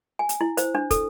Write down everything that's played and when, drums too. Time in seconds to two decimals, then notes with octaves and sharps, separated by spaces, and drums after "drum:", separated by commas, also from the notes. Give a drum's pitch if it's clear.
0.19 G#5
0.29 drum: hi-hat
0.41 E4
0.57 C5, drum: hi-hat
0.75 D4
0.91 A4, drum: kick, hi-hat